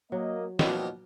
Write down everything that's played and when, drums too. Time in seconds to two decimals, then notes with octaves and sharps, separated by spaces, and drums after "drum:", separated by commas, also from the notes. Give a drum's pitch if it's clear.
0.12 F#3 A#3 D#5
0.59 D#2 B2 F3 G3 F#4 C5 D#5, drum: snare